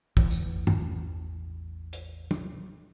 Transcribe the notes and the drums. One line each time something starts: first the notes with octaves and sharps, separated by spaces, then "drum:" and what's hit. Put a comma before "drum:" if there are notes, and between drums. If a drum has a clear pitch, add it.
A1 E2 E3, drum: kick
drum: tambourine
drum: tom
drum: hi-hat
drum: tom